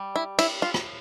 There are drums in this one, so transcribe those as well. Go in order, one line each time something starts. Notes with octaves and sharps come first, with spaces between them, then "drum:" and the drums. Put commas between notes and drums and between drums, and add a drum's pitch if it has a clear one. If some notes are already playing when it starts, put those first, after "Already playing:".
Already playing: G3
E4
E4, drum: cymbal
F4
drum: rim click